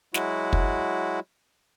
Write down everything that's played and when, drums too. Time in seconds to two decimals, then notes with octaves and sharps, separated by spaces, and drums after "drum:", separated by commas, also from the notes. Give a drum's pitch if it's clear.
0.14 F#3 G#3 E4 F#4, drum: snare
0.53 drum: kick